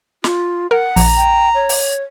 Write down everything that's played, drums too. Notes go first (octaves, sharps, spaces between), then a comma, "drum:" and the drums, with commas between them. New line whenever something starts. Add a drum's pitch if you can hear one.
F4, drum: snare
A#4 F#5
A#1 A#5, drum: open hi-hat
G5
C#5
drum: open hi-hat